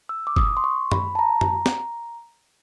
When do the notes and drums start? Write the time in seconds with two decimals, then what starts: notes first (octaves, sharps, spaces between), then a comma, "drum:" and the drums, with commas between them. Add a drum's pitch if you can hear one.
0.09 E6
0.27 D6
0.36 D#6, drum: kick F#1
0.57 C6
0.64 C#6
0.92 B5, drum: tom F#2
1.15 A5
1.19 A#5
1.41 drum: tom F#2
1.66 drum: snare